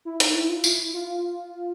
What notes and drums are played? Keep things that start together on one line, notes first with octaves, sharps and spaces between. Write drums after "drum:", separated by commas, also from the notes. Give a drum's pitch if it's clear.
E4
D#4, drum: hi-hat
E4
F4
E4, drum: tambourine
F4